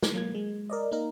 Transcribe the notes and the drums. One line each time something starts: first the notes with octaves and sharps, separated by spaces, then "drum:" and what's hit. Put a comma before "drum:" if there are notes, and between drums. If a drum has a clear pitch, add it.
drum: snare
F#3 A#3 G#6
G#3
A#4 D5 D#5
A#3 D#4 A#4